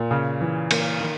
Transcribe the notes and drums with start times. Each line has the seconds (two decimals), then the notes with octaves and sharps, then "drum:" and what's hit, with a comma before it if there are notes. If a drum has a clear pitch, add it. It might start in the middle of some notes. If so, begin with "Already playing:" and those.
Already playing: A#2
0.11 C#3
0.41 E3
0.71 A#3, drum: cymbal
1.00 D#3